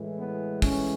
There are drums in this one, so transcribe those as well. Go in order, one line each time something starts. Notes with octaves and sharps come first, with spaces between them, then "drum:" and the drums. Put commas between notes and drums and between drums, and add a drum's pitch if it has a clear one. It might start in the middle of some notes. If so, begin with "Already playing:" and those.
Already playing: A2 E3 G#3
B3
C#4, drum: kick, open hi-hat